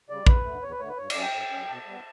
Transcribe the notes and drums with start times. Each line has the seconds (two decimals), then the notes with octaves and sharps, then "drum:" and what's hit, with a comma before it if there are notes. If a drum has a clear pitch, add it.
0.09 C#3 G3 D5
0.27 E2 B4, drum: kick A#1
0.44 D3 A3
0.63 E2 C#5
0.71 B4
0.80 D3 A3 C#5
0.89 B4
0.97 G2 C#5
1.10 D5, drum: cymbal
1.15 F#3 C#4
1.22 G5
1.33 G2
1.51 F#3 C#4
1.69 B2 A5
1.86 G3 B3